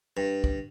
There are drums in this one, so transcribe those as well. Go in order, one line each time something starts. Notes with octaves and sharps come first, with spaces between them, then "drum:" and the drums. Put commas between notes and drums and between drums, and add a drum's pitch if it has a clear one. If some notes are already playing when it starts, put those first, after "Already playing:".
G2
drum: kick